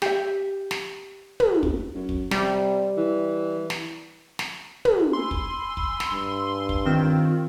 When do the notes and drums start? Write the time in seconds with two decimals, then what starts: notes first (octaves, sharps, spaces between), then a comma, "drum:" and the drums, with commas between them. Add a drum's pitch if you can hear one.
0.02 G4 E5, drum: snare
0.71 drum: snare
1.40 drum: tom
1.63 drum: kick
1.95 F#2
2.09 drum: kick
2.31 C3 G3, drum: snare
2.97 E3
3.70 drum: snare
4.39 drum: snare
4.85 drum: tom
5.13 G#5 B5 C6 E6
5.31 drum: kick
5.77 drum: kick
6.00 drum: snare
6.12 G2
6.69 drum: kick
6.86 D#3 C4 F4